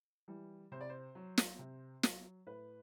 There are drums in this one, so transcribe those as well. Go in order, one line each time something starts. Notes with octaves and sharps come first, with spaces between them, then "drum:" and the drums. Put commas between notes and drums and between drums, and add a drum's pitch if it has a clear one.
E3 G3
C3 C5
D5
C5
F#3
drum: snare
C3
F#3, drum: snare
A2 B4